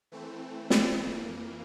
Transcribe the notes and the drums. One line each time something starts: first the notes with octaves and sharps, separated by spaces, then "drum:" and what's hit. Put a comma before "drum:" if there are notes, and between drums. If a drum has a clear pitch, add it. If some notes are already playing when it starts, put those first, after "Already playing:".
E3 A3 C4
drum: snare
F2 E3 A#3